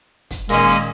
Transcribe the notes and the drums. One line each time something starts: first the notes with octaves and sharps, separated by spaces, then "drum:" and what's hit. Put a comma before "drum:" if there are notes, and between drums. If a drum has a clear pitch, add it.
drum: kick, hi-hat
A#2 D#3 G#3 A#3 C#4 D#5, drum: open hi-hat
drum: hi-hat